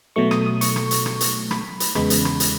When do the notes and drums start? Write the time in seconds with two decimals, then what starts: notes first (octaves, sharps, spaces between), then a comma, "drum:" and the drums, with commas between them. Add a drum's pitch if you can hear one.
0.16 B2 F#3 A3 C#6
0.31 D#6, drum: rim click
0.46 D#6
0.61 C#6, drum: hi-hat
0.76 drum: rim click
0.91 drum: hi-hat
1.06 drum: rim click
1.21 drum: hi-hat
1.51 B5, drum: rim click
1.80 drum: hi-hat
1.95 E2 C#3 G#3 B3 B5, drum: rim click
2.10 drum: hi-hat
2.25 drum: rim click
2.40 drum: hi-hat